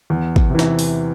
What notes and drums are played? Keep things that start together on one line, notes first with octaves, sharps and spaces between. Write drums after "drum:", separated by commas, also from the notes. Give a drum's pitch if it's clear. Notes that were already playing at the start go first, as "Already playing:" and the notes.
E2
drum: kick
C3 E3
drum: snare
drum: open hi-hat